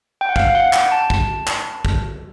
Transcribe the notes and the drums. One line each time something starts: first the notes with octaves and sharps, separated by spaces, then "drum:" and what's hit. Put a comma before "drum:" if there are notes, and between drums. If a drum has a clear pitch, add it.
G5
F#5
F5, drum: kick
F#5
G5, drum: clap
A5
drum: kick
drum: clap
drum: kick